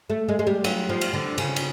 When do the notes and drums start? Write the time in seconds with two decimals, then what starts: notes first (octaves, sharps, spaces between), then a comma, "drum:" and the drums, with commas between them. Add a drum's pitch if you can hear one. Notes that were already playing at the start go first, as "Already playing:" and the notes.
0.10 A3
0.29 G#3
0.39 G#3
0.47 G3
0.64 F#3, drum: cymbal
0.89 F3
1.01 drum: cymbal
1.13 D3
1.38 C#3, drum: cymbal
1.56 drum: cymbal